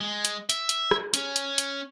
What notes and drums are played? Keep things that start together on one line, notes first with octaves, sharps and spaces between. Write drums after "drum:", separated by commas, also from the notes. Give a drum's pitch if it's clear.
G#3
drum: hi-hat
E5, drum: hi-hat
drum: hi-hat
drum: rim click
C#4, drum: hi-hat
drum: hi-hat
drum: hi-hat